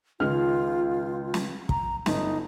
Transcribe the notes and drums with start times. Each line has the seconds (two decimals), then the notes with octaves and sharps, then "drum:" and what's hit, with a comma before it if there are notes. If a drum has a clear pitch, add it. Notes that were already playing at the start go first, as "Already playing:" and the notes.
0.20 C#2 D#3 F4 F6
1.34 drum: snare
1.69 A#5, drum: kick
2.06 G1 D#4, drum: snare